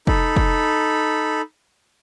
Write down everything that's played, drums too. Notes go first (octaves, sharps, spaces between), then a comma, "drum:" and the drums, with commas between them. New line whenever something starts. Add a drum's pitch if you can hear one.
D#4 A4 B5, drum: kick
drum: kick